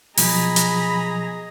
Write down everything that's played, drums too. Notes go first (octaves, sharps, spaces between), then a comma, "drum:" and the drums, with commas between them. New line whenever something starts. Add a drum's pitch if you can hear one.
B2 F3 F#3 G#4 D#5 A#5 B5, drum: open hi-hat
drum: hi-hat